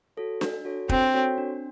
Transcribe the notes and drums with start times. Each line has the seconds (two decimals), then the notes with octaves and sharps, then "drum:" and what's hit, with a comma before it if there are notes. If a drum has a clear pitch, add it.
0.17 F#4 A4 C#5
0.41 D4, drum: snare D4
0.65 F#4 A4 C#5
0.89 C4 D4, drum: kick
1.14 F#4 A4 C#5
1.38 D4